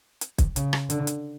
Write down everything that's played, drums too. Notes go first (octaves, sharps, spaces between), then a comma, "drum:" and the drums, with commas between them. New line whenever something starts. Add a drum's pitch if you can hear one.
drum: hi-hat
drum: kick, hi-hat
C#3, drum: hi-hat
drum: rim click
D3, drum: hi-hat
drum: hi-hat